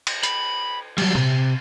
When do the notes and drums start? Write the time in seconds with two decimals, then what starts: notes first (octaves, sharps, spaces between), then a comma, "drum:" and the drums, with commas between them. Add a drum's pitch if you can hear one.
0.07 drum: cymbal
0.23 B5, drum: hi-hat
0.98 F#3 G3, drum: cymbal
1.15 C3, drum: tom A#2